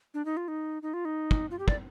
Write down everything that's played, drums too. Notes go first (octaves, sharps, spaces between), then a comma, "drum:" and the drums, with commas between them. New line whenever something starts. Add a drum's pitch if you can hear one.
D4
D#4
F4
D#4
D#4
F4
D#4
drum: kick
F4
G4
D5, drum: kick